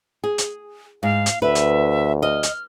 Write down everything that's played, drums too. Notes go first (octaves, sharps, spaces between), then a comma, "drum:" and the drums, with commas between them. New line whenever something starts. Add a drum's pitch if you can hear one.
G#4
drum: hi-hat
G#2 F5
drum: hi-hat
D2 B4 E5
drum: hi-hat
D#5 F6
drum: hi-hat